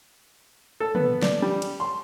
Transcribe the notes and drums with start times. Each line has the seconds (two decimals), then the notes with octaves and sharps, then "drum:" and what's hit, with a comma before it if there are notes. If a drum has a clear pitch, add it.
0.80 A4
0.95 B3, drum: tom
1.22 D5, drum: snare
1.42 G3
1.62 drum: cymbal
1.80 C6